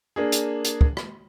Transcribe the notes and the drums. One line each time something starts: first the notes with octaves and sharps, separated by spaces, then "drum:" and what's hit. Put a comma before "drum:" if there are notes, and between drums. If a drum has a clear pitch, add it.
A#3 D4 G#4
drum: hi-hat
drum: hi-hat
drum: kick
drum: rim click